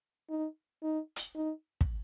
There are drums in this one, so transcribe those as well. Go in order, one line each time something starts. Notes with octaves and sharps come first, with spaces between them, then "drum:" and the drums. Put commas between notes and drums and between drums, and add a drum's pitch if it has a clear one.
D#4
D#4
drum: hi-hat
D#4
drum: kick